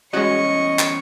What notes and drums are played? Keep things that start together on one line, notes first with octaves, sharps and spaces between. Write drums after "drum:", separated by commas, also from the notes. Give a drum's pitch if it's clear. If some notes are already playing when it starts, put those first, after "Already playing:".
E2 G#3 C#4 F#4 C#5 D#5 C#6
drum: clap